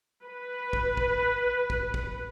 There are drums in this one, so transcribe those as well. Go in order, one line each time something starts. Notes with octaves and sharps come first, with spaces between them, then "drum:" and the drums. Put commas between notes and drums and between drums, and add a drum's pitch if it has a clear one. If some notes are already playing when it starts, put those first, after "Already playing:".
B4
drum: kick
drum: kick
drum: kick
drum: kick